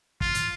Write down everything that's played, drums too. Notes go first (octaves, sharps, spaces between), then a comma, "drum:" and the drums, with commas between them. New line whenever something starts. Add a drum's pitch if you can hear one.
F4, drum: kick
drum: hi-hat